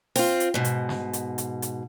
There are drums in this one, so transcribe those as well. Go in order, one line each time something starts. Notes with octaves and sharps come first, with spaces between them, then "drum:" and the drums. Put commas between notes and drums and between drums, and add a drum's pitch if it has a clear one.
C4 F4, drum: open hi-hat
drum: hi-hat
G#2 B2
drum: hi-hat
drum: snare
drum: hi-hat
drum: hi-hat
drum: hi-hat